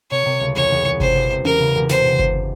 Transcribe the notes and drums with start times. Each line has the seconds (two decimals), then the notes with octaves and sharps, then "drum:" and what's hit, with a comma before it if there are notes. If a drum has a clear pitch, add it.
0.11 C3 C#5
0.26 C3
0.41 C#2
0.56 E2 C#5
0.71 E2
0.86 E2
1.00 C3 C5, drum: kick G1
1.15 E1
1.30 C3
1.45 E1 A#4, drum: tom C#4
1.60 C#3
1.75 E1
1.89 C3 C5, drum: snare
2.04 C3
2.19 C3, drum: kick G1